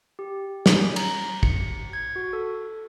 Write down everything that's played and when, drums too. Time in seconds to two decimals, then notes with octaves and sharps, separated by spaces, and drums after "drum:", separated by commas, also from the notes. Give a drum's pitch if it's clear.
0.19 G4
0.66 C#4, drum: snare
0.96 A#5, drum: cymbal
1.43 C#7, drum: kick
1.93 G#6
2.16 F#4
2.33 A4